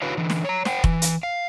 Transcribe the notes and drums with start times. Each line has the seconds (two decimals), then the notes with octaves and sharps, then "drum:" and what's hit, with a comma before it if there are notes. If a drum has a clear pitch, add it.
0.02 D3 E4 F#4 B4 C#5 F5
0.17 D3 E3
0.30 drum: snare
0.45 C#5 A#5
0.65 C5 F#5 G5, drum: snare
0.84 E3, drum: kick F1
1.02 drum: hi-hat
1.23 F5